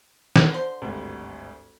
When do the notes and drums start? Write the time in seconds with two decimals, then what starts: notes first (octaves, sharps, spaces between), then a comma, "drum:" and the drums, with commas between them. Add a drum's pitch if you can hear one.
0.36 drum: snare
0.50 D3 C5
0.82 G#1 D2 G2